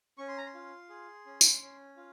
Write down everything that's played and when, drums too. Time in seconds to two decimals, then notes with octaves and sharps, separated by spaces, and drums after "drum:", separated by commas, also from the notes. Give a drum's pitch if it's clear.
0.18 C#4 C#6
0.28 C6
0.38 A#5
0.46 C6
0.54 F4
0.89 G#4
1.26 C#4
1.41 drum: tambourine
1.61 C#4
1.97 F4